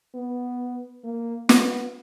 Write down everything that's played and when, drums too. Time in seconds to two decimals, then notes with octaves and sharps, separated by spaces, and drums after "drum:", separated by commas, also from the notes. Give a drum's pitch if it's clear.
0.15 B3
1.04 A#3
1.49 B3, drum: snare